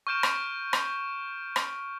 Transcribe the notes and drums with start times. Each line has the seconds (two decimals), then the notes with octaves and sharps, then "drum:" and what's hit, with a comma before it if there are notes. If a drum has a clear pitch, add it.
0.07 C#6 F6 G6 D7 E7
0.23 drum: rim click
0.73 drum: rim click
1.56 drum: rim click